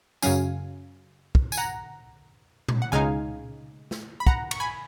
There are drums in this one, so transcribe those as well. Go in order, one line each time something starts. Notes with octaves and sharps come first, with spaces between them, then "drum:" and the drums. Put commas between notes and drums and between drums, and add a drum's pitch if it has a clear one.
F#2 C#3 F#3 C#4 F5 G#5, drum: tambourine
drum: kick
G#5, drum: tambourine
F#5 A#5
drum: tom A#2
F#5
C#2 C#3 G#3 D#4 F5 G#5
drum: snare
B5
F#5 A#5, drum: kick
C#6, drum: cymbal
G#5 B5